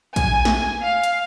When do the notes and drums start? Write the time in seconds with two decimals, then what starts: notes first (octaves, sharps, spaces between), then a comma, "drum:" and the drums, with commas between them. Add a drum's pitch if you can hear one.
0.16 G#5, drum: kick A#1, hi-hat
0.45 drum: snare
0.81 F5
1.04 drum: hi-hat